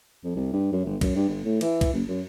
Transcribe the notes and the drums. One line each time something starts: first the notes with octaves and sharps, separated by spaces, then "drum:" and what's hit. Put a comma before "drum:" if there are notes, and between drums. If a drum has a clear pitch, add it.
F2
C2
G2
F#2
G1
F#2, drum: kick, cymbal
G2
G1
A2
E3, drum: cymbal
drum: kick, cymbal
F#1
F#2